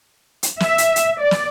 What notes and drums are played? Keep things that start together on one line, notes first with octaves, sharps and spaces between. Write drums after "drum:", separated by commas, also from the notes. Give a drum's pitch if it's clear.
drum: hi-hat
E5, drum: snare
drum: hi-hat
drum: hi-hat
D5
drum: snare